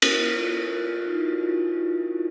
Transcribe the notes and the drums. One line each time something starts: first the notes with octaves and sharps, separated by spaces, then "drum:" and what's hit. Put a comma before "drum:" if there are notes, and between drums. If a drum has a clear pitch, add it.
E4, drum: cymbal
F4
F4
F4
D#4
E4
F#4
F4
E4